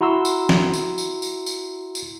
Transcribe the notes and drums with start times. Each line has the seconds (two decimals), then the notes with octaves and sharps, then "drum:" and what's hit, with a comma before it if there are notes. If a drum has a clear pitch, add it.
0.01 E4 F#4 A#5 C6 E6
0.25 drum: tambourine
0.49 drum: snare
0.74 drum: tambourine
0.98 drum: tambourine
1.22 drum: tambourine
1.46 drum: tambourine
1.95 drum: tambourine